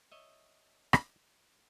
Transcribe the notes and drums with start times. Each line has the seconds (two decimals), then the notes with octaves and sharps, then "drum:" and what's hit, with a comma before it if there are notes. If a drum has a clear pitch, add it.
0.12 C#5 D#5 E5
0.93 drum: rim click